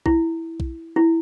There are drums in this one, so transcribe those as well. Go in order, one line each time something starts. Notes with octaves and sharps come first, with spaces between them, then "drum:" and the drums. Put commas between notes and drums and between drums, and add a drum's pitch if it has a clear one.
E4, drum: kick B1
drum: kick B1
E4